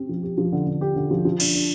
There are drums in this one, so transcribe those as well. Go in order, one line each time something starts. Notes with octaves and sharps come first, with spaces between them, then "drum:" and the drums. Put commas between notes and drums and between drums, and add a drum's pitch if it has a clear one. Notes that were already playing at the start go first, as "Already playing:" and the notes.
Already playing: C4 G4
F3
G4
F3
D3
D3
G4
D3
F3
F3
D4, drum: cymbal
D4